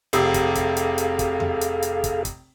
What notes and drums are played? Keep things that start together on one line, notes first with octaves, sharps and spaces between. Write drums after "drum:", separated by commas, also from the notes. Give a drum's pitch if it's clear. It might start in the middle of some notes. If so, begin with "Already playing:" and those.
F1 C3 G#4 A4 F5, drum: hi-hat
drum: kick, hi-hat
drum: kick, hi-hat
drum: hi-hat
drum: hi-hat
drum: kick, hi-hat
drum: tom E2
drum: hi-hat
drum: hi-hat
drum: kick, hi-hat
drum: kick, hi-hat